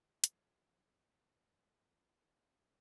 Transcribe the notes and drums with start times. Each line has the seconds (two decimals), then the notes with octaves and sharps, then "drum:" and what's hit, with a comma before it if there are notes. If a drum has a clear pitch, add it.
0.24 F3 F#3, drum: hi-hat